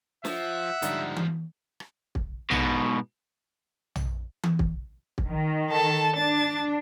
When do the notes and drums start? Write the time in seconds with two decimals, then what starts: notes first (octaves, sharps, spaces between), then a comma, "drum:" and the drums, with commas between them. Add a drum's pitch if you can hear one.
0.25 F3 E5 F#5, drum: snare
0.82 G#2 D3 F3 G3 D#4, drum: hi-hat
1.16 drum: tom E3
1.80 drum: rim click
2.15 drum: kick
2.51 G#2 B2, drum: tom
3.95 drum: tom
4.43 drum: tom E3
4.59 drum: kick
5.18 drum: kick
5.28 D#3
5.70 A4 A5
6.16 D4 A5 A6